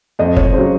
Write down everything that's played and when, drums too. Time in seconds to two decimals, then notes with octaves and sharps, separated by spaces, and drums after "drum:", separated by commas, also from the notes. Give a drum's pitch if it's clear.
0.19 F2 D#5
0.37 C#5, drum: kick
0.53 C#3 F#3 C5